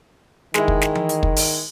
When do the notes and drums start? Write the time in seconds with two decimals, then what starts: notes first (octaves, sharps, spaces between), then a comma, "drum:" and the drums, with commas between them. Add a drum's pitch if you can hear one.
0.54 D#3 G#3 E4, drum: snare
0.68 drum: kick
0.82 drum: snare
0.95 drum: tom E3
1.09 drum: hi-hat
1.23 drum: kick
1.36 drum: open hi-hat